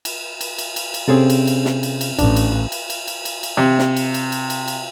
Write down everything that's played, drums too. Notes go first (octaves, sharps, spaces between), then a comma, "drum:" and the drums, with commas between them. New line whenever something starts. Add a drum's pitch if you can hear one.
drum: cymbal
drum: cymbal
drum: cymbal
drum: cymbal
drum: cymbal
C3 C4 C#4 G#4 A4 D5
drum: cymbal
drum: cymbal
drum: snare
drum: cymbal
drum: cymbal
A1 D4, drum: cymbal
drum: cymbal
drum: cymbal
drum: cymbal
drum: cymbal
drum: cymbal
drum: cymbal
C3
drum: snare
drum: cymbal
drum: cymbal
drum: cymbal
drum: cymbal
drum: cymbal